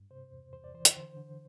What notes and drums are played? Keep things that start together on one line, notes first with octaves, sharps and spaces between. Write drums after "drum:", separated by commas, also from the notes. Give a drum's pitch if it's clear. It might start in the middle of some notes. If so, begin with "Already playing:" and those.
Already playing: G2
C3 C5
E2
E2 C5
D5
E3 C5
C5, drum: hi-hat
D3 C5
D3